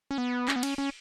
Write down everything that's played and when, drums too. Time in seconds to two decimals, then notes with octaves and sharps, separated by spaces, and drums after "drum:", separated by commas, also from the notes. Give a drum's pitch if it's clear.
0.11 C#4
0.18 B3
0.48 C#4, drum: clap
0.56 B3
0.63 C#4, drum: cymbal
0.78 C#4